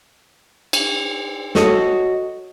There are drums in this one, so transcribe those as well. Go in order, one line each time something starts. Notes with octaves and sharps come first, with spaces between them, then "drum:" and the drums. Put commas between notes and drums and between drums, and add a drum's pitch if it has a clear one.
drum: cymbal
F#4 A4 C#5 D#5, drum: snare